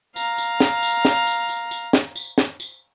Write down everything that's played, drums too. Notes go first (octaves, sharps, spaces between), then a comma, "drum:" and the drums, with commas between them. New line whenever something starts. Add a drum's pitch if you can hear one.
F5 A#5, drum: tambourine
drum: tambourine
drum: snare
drum: tambourine
drum: snare
drum: tambourine
drum: tambourine
drum: tambourine
drum: snare
drum: tambourine
drum: snare
drum: tambourine